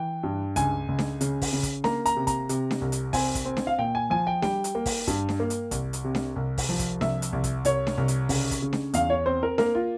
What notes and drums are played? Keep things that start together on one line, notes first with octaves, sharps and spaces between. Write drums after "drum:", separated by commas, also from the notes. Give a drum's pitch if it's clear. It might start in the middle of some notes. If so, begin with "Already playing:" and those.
Already playing: E3 G5
G2
C#2 G#5, drum: kick, hi-hat
C#2
drum: snare D4
C#3, drum: hi-hat
drum: kick, open hi-hat
C#3
drum: kick, hi-hat
A#3 A#5, drum: snare D4
A#5, drum: hi-hat
C3
A#5, drum: kick, hi-hat
C3, drum: hi-hat
drum: snare D4
C2
drum: hi-hat
C4 G#5, drum: kick, open hi-hat
drum: kick, hi-hat
C4
drum: snare D4
F5
A#2 G5
G#5
F3 G#5
G5
G3 G5, drum: snare D4
drum: hi-hat
A#3
drum: kick, open hi-hat
G2, drum: kick, hi-hat
drum: snare D4
A#3
drum: hi-hat
C2, drum: kick, hi-hat
drum: hi-hat
C3
drum: snare D4
C2
drum: kick, open hi-hat
F3
drum: kick, hi-hat
C2 E5, drum: snare D4
drum: hi-hat
C2
drum: kick, hi-hat
C2 C#5, drum: hi-hat
drum: snare D4
C2
drum: hi-hat
C#3, drum: kick, open hi-hat
drum: kick, hi-hat
C#3
drum: snare D4
E2 F5, drum: hi-hat
C#5
C4 C5
A#4
A#3 A#4, drum: snare D4
F4